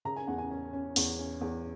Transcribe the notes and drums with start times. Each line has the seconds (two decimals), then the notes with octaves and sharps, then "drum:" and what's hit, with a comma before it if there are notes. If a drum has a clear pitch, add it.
0.05 C#3 A#5
0.16 G#5
0.27 E2 F#5
0.38 G#5
0.51 C#4
0.73 C#4
0.96 E2, drum: open hi-hat
1.18 C#4
1.41 E2